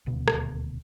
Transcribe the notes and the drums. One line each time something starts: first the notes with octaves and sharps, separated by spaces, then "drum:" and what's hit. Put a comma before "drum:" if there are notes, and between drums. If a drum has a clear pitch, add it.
D#1 D2 B2 B3
drum: rim click